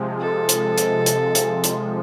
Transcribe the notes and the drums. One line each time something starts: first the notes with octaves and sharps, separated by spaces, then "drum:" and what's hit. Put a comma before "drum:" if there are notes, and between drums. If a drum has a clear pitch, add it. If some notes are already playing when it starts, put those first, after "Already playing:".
Already playing: C3 F3 G#3
A4
drum: hi-hat
drum: hi-hat
drum: hi-hat
drum: hi-hat
drum: hi-hat